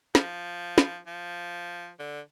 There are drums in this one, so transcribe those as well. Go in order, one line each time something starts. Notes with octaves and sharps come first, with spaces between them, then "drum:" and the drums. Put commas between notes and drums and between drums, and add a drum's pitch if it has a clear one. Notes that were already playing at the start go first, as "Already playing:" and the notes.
F3, drum: snare
drum: snare
F3
D3